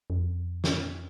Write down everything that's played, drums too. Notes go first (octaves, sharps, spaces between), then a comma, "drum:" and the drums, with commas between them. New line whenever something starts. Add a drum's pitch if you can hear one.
F2
drum: snare